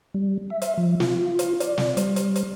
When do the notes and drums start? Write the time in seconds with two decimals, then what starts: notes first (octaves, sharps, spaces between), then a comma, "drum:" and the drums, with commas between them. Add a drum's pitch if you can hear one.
0.14 G3
0.50 E5
0.62 drum: hi-hat
0.78 F3
1.00 F4, drum: snare
1.39 drum: hi-hat
1.60 D5, drum: hi-hat
1.78 drum: snare
1.97 G3, drum: hi-hat
2.16 drum: hi-hat
2.36 drum: hi-hat